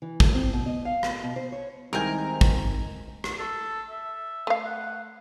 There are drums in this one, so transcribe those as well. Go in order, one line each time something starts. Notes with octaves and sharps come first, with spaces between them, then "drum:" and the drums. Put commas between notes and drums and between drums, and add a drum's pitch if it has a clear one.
E3
A3, drum: kick
C4
B2
D#5
F5
drum: rim click
B2
C5
C#5
C2 C3 D#3 G#3 C4 A#4 G5 G#5
drum: kick
drum: rim click
A4
E5
A3 F5
F#5